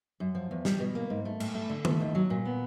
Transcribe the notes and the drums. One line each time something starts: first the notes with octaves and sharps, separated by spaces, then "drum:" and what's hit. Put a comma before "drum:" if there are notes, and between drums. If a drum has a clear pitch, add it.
F#2
F3
E2
G3, drum: snare
B2
A#3
G#2
A3
A2, drum: cymbal
A3
D3
A3, drum: tom D#3
D#2
F#3
A#2
B3